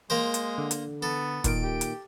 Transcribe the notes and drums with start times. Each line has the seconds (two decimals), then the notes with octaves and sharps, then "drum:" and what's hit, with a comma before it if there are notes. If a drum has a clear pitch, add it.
0.10 G#3 A#3 A#4 C5
0.34 drum: hi-hat
0.58 D3
0.71 drum: hi-hat
1.02 B3 A4
1.44 A#2 D#3 D7, drum: kick, hi-hat
1.63 G4
1.81 drum: hi-hat